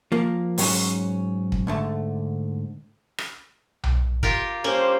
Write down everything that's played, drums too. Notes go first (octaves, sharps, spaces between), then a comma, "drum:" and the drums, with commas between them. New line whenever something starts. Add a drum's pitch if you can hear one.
F3 A#3
G#2 F#3 C#4, drum: open hi-hat
drum: kick
G#2 D3 A3
drum: rim click
drum: tom B1
F4 G4 A#4, drum: kick
G2 A#3 C#4 G4 C5